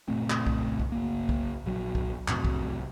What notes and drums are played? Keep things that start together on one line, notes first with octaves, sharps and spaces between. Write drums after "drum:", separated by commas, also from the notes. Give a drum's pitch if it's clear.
F#1 A#2 A3 C4
drum: clap
drum: kick B1
drum: kick B1
F#1 A#3
drum: kick B1
A#1 F#3
drum: kick B1
F2 A2 C3 F#3, drum: clap
drum: kick B1